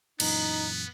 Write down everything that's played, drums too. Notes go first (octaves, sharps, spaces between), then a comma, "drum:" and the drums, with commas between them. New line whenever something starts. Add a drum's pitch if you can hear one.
F#2 A#2 E3 B3 D#4, drum: cymbal